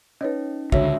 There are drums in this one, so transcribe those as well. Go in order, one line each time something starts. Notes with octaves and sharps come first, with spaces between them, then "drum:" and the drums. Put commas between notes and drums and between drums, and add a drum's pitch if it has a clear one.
C#4 D#4 B4 C#5 D#5
C#2 D3 F#4 C#5 E5, drum: kick